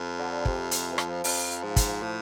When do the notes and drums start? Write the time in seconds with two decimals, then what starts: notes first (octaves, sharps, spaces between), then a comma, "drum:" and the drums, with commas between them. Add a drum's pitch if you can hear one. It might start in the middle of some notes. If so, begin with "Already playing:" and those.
Already playing: F2
0.19 D3
0.45 C3, drum: kick
0.71 C3, drum: hi-hat
0.90 E3
0.98 F3, drum: rim click
1.24 F2, drum: open hi-hat
1.63 G#2
1.76 drum: kick, hi-hat
2.02 A2